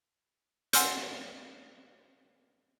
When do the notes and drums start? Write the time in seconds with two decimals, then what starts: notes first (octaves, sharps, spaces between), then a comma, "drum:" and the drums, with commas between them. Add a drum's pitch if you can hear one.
0.73 F#5 G#5 C6 E6 F6 G6, drum: hi-hat